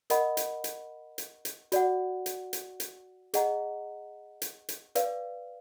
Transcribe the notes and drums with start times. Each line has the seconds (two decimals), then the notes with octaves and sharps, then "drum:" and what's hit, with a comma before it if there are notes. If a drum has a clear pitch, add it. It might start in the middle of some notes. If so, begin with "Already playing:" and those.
0.10 A#4 D#5 F#5 B5, drum: hi-hat
0.37 drum: hi-hat
0.64 drum: hi-hat
1.18 drum: hi-hat
1.45 drum: hi-hat
1.72 F#4 D5 F#5, drum: hi-hat
2.26 drum: hi-hat
2.53 drum: hi-hat
2.80 drum: hi-hat
3.34 G#4 D#5 F#5 A#5, drum: hi-hat
4.42 drum: hi-hat
4.69 drum: hi-hat
4.95 B4 D5 F5, drum: hi-hat